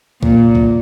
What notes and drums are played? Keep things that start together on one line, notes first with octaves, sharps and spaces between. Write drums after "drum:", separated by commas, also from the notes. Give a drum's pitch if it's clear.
A#2, drum: kick C2
drum: kick C2